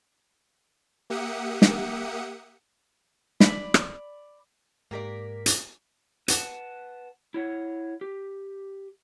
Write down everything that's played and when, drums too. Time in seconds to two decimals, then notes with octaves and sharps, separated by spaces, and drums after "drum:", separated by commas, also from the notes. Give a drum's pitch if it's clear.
1.10 A#3 G4 E5 F#5 D#6 C#7
1.62 drum: snare
3.40 D5 B5, drum: snare
3.74 drum: rim click
4.91 G#2 A#3 G4 A#4 D5 B6
5.46 drum: hi-hat
6.28 B4 F#5 A5, drum: hi-hat
7.34 E4 C#5 F#5
8.01 G4